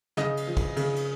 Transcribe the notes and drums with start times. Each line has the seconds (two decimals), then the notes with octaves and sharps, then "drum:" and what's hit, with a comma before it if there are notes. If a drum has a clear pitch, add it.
0.17 C#3 D#5, drum: snare
0.37 drum: cymbal
0.47 F3
0.57 drum: kick, cymbal
0.76 C#3, drum: cymbal
0.96 drum: cymbal